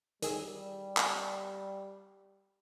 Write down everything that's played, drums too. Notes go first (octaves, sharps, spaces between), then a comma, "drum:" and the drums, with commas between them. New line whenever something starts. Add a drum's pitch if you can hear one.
D#3 G3 G#4 E6, drum: hi-hat
drum: clap